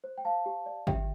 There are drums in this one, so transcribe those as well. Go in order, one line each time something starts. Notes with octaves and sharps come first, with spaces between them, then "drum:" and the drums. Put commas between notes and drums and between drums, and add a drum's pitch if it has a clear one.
C5
G5
C5 F5 A5
G4
D5
G4 E5 G5, drum: kick G#1